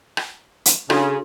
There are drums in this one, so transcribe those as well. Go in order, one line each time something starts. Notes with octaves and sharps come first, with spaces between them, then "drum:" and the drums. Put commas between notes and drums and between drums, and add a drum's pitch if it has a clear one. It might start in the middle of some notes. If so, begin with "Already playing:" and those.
drum: rim click
drum: hi-hat
C#3 D4 F#4 A4, drum: rim click